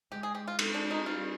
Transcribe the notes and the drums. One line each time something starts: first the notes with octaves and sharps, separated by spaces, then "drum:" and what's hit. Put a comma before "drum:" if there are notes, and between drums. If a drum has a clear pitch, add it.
G#3 G4
G#4
G4
F4
G#3, drum: cymbal
D4
D#4
G3 F4